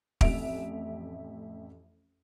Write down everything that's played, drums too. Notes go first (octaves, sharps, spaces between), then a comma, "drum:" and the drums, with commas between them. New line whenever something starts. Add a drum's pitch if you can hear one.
A1 F2 E5 D7 F7, drum: kick